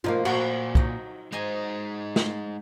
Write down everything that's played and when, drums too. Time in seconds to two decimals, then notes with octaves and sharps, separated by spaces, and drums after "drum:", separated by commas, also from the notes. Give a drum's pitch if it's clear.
0.04 B2 F3 A#3 D#4 F4
0.25 A#2 F#4 C5, drum: cymbal
0.75 F#3 D#4, drum: kick
1.32 G#3 D#4 C5 D#5 G#5
2.16 F5, drum: snare